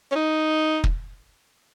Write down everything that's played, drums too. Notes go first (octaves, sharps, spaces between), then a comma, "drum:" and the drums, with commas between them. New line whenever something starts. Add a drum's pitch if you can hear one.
C#4
D#4
drum: kick